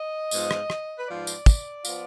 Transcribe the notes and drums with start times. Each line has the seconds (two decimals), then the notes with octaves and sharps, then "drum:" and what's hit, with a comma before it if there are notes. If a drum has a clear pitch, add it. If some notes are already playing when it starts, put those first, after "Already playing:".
Already playing: D#5
0.31 G#2 F3 B3 F4, drum: tambourine
0.51 drum: rim click
0.70 drum: rim click
0.97 B4
1.08 G#2 F3 B3 F4 D5
1.27 drum: tambourine
1.46 drum: kick, tambourine
1.85 F3 B3 F4, drum: tambourine